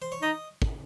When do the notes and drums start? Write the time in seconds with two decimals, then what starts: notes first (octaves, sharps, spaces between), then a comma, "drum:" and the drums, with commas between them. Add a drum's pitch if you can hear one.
0.02 C5
0.12 C#5
0.22 D#4 D#5
0.62 drum: kick